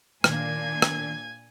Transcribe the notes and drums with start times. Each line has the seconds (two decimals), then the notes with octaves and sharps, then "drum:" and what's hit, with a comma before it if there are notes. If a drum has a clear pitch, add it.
0.24 A#2 D#3 A#3 D4 G#5 G#6, drum: rim click
0.82 drum: rim click